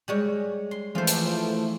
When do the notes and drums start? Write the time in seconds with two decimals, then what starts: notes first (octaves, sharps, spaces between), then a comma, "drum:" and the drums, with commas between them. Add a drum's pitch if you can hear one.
0.08 G3 G#3 C#5
0.71 C6
0.95 E3 F3 A3 F4 C5
1.07 drum: hi-hat